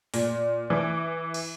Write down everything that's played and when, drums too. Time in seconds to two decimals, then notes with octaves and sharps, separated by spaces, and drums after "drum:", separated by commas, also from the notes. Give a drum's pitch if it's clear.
0.14 A#2, drum: open hi-hat
0.70 E3 D6
1.34 drum: cymbal